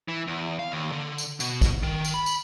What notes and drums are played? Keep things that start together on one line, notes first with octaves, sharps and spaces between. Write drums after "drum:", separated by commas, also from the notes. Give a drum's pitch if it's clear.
E3
E2
F5
D#2
D3
drum: tambourine
B2, drum: tambourine
drum: kick, tambourine
D#3
drum: tambourine
B5
drum: tambourine